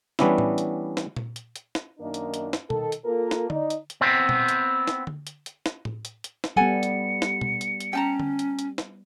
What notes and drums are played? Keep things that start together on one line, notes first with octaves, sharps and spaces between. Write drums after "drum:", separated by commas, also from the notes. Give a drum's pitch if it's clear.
E3 G3 B3 C#4 D4 E4, drum: snare
drum: tom A2
drum: hi-hat
drum: snare
drum: tom A#2
drum: hi-hat
drum: hi-hat
drum: snare
F#2 D#3 A#3 D4 D#4
drum: hi-hat
drum: hi-hat
drum: snare
D#3 A4, drum: tom B2
drum: hi-hat
A#3 F4 A4 A#4
drum: snare
D#4 D5, drum: tom D3
drum: hi-hat
drum: hi-hat
B3 C4
drum: tom B2
drum: hi-hat
drum: snare
drum: tom D3
drum: hi-hat
drum: hi-hat
drum: snare
drum: tom A2
drum: hi-hat
drum: hi-hat
drum: snare
G3 B3 A4 F#5 G#5 C#7
drum: hi-hat
drum: snare
drum: tom B2
drum: hi-hat
drum: hi-hat
C#4 G5 A5 A#5
drum: tom D3
drum: hi-hat
drum: hi-hat
drum: snare